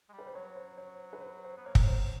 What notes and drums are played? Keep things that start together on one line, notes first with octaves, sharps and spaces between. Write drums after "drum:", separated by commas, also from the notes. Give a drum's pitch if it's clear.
G#3
G3
B4
C5
F#3 C#5
C5
C#5
B4
C5
C5
B3
A#3 C#5
drum: kick
C5